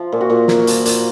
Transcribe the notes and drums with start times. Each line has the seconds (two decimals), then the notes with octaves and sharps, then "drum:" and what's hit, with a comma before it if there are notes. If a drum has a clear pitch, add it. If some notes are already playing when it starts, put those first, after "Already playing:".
Already playing: F3
0.12 A#2
0.21 F#4
0.30 A#2
0.48 A#3, drum: snare
0.67 F3, drum: hi-hat
0.85 A#2, drum: hi-hat